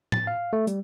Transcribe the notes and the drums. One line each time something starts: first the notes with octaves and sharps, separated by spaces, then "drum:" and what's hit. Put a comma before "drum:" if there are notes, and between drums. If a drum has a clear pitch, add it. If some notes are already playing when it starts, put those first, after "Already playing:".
A6, drum: tom A2
F5
A3
G3, drum: hi-hat